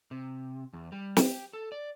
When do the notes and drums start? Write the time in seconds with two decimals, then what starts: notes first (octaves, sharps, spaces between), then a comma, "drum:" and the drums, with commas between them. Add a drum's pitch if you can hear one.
0.11 C3
0.73 E2
0.92 G3
1.17 G4, drum: snare
1.53 A4
1.72 D5